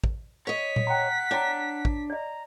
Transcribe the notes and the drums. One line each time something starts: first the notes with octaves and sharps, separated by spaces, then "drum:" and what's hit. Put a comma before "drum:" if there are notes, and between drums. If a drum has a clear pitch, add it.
drum: kick
C#5 D#5 B6
drum: tom A#2
F#5 G5 A#5
D4 C#5 G5 A#5
drum: kick
D5 D#5 A#5